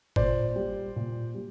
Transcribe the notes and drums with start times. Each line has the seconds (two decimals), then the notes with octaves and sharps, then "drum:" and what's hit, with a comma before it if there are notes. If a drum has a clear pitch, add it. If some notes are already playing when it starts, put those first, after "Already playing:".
0.16 A#2 C5 D5, drum: kick G1
0.56 G3
0.96 A#2
1.35 G3